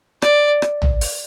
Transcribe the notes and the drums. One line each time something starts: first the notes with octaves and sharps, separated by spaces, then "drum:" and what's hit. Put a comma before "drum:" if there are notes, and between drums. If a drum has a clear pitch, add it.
D5, drum: rim click
drum: rim click
drum: tom A#1
drum: open hi-hat